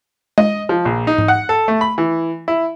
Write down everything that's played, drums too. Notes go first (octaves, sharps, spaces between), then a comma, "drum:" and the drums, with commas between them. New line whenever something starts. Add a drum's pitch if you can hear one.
D#5, drum: tom G#3
F3
A#1
D#4
drum: tom G#2
F#5
A4
A3
B5
E3
E4